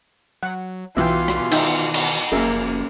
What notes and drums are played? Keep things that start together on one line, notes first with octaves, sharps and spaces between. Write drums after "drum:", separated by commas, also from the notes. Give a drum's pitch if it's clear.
F#3 F#5
B1 B2 E3 F4 E5 G5
drum: rim click
D#3 D#4 E5 G5, drum: cymbal
drum: cymbal
F1 F#2 A#3 G#4 A#4 E5